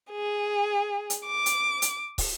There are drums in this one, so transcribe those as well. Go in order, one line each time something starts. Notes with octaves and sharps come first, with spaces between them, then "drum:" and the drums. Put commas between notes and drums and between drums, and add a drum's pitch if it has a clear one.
G#4
drum: hi-hat
D6
drum: hi-hat
drum: hi-hat
drum: kick, open hi-hat